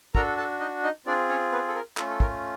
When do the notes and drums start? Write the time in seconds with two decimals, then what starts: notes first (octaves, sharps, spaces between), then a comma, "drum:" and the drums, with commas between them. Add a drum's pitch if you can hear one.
0.15 D4 F#4 A4 A#4 A#5, drum: kick
0.37 A4 A5
0.60 D#4 D#5
0.83 D#4 D#5
1.06 C4 D4 F4 G#4 D5
1.29 C#4 C#5
1.52 B3 B4
1.68 A4
1.75 A#4
1.97 A3 C#4 F4 A4, drum: clap
2.10 A4
2.20 A#4, drum: kick